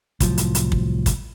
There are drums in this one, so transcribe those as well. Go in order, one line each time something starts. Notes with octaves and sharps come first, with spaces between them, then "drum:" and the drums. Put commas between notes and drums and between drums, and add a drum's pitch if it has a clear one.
C2 A2 F3 F#3, drum: kick, hi-hat
drum: hi-hat
drum: hi-hat
drum: kick
drum: kick, hi-hat